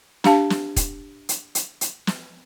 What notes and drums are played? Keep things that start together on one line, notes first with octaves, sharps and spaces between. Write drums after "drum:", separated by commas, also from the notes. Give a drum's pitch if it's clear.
D4 G4 F5 A5, drum: snare
drum: snare
drum: kick, hi-hat
drum: hi-hat
drum: hi-hat
drum: hi-hat
drum: snare